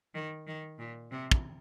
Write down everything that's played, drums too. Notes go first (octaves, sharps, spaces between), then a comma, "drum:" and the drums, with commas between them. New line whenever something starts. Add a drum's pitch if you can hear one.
D#3
D#3
A#2
C3
drum: kick